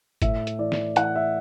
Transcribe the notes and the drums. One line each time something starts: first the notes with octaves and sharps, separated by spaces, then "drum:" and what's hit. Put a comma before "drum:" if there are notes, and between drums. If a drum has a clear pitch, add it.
A2 E5, drum: kick G1, hi-hat
drum: hi-hat
E3 D5
drum: snare
E3 F#5, drum: hi-hat
E5